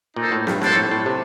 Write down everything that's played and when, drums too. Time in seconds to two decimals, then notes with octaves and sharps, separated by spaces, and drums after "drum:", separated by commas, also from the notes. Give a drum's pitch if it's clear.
0.16 A#2 D#4 A4 C5
0.32 A2
0.47 G2, drum: snare
0.62 A2 A#3 D4 A4 C5, drum: snare
0.76 A2
0.91 A2
1.06 C3